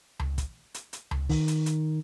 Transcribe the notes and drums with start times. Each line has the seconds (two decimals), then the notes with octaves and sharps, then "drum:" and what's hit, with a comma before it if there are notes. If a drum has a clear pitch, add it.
0.19 drum: tom C#2
0.38 drum: kick, hi-hat
0.74 drum: hi-hat
0.93 drum: hi-hat
1.11 drum: tom C#2
1.29 D#3, drum: open hi-hat
1.48 drum: hi-hat
1.66 drum: hi-hat